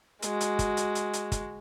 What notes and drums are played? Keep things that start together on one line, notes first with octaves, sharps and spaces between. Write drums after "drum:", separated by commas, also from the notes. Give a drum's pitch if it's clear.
G#3 F#4, drum: hi-hat
drum: hi-hat
drum: kick, hi-hat
drum: hi-hat
drum: hi-hat
drum: hi-hat
drum: kick, hi-hat